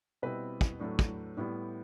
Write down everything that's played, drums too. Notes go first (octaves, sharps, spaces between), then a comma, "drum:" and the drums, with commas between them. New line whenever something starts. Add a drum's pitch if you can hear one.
B2 G3 C4 E4 B4
drum: kick
A2 F#3 A3 D4
drum: kick
A2 G3 B3 E4